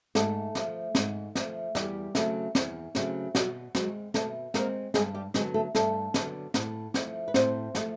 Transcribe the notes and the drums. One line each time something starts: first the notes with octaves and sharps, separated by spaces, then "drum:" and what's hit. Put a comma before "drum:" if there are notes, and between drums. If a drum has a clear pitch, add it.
G#2 A3 A4, drum: snare
F3 A3, drum: snare
G#2, drum: snare
F3 A3, drum: snare
E2 G3 G4, drum: snare
C#3 F#3 A3 C4, drum: snare
E2, drum: snare
C#3 F#3 A3 C4, drum: snare
B2 F#3 F#4, drum: snare
F#3 G#3 C4 F#4, drum: snare
B2 A3 A4, drum: snare
G#3 A#3 C4 A#4, drum: snare
G2 G#3 G#4, drum: snare
G3 G4
D3 F#3 G#3 B3 G#4, drum: snare
A3 A4
G2 A3 A4, drum: snare
D3 F#3 B3, drum: snare
A2, drum: snare
F3 A3, drum: snare
B4
A2 C4 C5, drum: snare
F3 A3, drum: snare